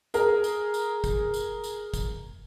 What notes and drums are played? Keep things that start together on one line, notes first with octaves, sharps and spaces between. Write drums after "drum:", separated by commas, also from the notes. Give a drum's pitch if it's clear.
G#4 A#4, drum: tambourine
drum: tambourine
drum: tambourine
drum: kick, tambourine
drum: tambourine
drum: tambourine
drum: kick, tambourine